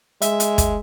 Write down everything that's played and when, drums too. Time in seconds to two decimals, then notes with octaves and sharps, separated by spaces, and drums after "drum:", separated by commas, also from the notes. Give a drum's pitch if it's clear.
0.22 G#3 E5, drum: hi-hat
0.40 drum: hi-hat
0.58 drum: kick, hi-hat